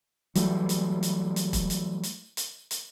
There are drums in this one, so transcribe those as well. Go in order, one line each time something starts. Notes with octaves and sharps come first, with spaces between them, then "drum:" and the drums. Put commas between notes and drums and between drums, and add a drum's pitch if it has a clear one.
E3 F#3 G3 A3, drum: hi-hat
drum: hi-hat
drum: hi-hat
drum: hi-hat
drum: kick E1, hi-hat
drum: hi-hat
drum: hi-hat
drum: hi-hat
drum: hi-hat